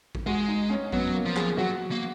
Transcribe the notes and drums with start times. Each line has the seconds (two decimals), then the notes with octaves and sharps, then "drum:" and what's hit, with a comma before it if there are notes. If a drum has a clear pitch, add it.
0.15 drum: kick A1
0.26 G#3 F#4
0.48 D#4
0.70 C#4
0.92 F#3 B3, drum: kick A1
1.14 A#3
1.26 F3
1.36 G#4, drum: clap
1.57 F#3 F#4
1.91 A#3